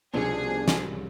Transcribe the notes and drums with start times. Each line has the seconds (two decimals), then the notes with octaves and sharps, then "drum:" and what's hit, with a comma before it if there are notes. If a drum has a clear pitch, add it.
0.14 C2 B2 F3 C#4 D4 G#4
0.68 drum: snare